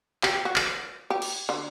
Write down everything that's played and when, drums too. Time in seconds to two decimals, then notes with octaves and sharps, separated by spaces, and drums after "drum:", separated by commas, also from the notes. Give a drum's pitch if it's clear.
0.23 G4, drum: clap
0.45 F#4
0.56 drum: clap
1.10 G4
1.22 drum: cymbal
1.49 D3